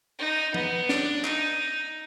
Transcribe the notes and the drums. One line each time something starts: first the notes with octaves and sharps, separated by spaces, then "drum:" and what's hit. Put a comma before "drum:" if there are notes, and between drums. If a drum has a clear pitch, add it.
D#4
B3, drum: tom F3
D4, drum: snare
D#4, drum: clap